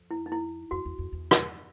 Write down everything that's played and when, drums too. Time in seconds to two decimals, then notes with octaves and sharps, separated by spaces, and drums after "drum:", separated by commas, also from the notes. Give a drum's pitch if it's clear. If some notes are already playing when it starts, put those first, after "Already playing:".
Already playing: F2
0.11 E4
0.26 D#4
0.32 E4
0.71 F2 F#4
0.85 E2
0.99 F2
1.12 E2
1.31 drum: rim click